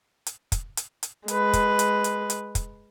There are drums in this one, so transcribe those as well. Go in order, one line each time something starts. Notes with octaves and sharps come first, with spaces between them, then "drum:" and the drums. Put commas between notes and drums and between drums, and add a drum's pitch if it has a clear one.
drum: hi-hat
drum: kick, hi-hat
drum: hi-hat
drum: hi-hat
G#3 B4, drum: hi-hat
drum: kick, hi-hat
drum: hi-hat
drum: hi-hat
drum: hi-hat
drum: kick, hi-hat